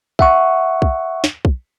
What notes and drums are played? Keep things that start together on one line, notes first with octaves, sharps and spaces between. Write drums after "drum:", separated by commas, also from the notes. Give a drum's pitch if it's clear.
E5 F#5 C#6, drum: kick
drum: kick
drum: snare
drum: kick